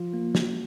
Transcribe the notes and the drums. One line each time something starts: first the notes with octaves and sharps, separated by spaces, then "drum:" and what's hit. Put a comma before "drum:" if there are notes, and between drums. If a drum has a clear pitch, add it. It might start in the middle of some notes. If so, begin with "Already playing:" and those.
Already playing: F3 F4
A#3
F#4, drum: snare